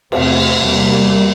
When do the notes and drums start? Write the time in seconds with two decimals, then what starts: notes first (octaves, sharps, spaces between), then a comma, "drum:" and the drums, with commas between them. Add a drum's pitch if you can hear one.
0.12 E2 C3 A3 C4, drum: cymbal
0.62 E2 C3 G3 A#3